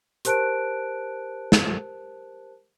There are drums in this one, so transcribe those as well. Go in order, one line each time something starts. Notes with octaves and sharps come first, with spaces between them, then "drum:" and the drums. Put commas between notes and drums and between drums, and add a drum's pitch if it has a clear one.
G4 A#4 C5 A5 F#6 D7, drum: hi-hat
drum: snare